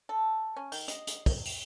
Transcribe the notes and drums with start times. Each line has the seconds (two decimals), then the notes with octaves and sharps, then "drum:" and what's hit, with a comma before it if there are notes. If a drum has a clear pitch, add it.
0.09 A4
0.56 C#4
0.72 D#3, drum: open hi-hat
0.88 D#5, drum: hi-hat
1.07 drum: hi-hat
1.26 drum: kick, open hi-hat
1.45 drum: open hi-hat